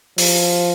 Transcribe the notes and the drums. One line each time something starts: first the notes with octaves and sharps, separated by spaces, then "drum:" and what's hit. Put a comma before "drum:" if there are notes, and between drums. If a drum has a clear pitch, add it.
F3, drum: open hi-hat